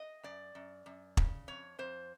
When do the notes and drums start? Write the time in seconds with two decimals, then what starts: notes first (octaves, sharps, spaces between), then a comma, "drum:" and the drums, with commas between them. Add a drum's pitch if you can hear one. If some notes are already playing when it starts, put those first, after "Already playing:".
Already playing: D#5
0.23 F#2 D5
0.55 F#2
0.86 F#2
1.17 C#3, drum: kick
1.48 F2 C#5
1.79 F2 C5